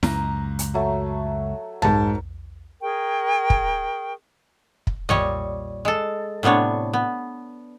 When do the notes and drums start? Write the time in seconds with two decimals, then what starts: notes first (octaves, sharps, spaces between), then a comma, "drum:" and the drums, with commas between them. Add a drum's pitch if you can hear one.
0.03 C#2 F#2 A#5, drum: snare E4
0.59 drum: hi-hat
0.74 F#3 A3
1.82 G#2 A#4 A5, drum: tom
2.82 G#4 A#4 G5 C#6
3.50 drum: kick
4.87 drum: kick
5.09 A#2 G3 C#5 D#5, drum: tom
5.85 G#3 A4
6.43 A2 C3 B3 D4 C#5
6.93 B3